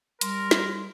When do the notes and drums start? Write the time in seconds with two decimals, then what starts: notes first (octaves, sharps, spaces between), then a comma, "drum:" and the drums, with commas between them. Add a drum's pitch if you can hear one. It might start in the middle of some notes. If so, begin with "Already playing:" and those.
0.21 G3 A#4 C6, drum: hi-hat
0.51 drum: snare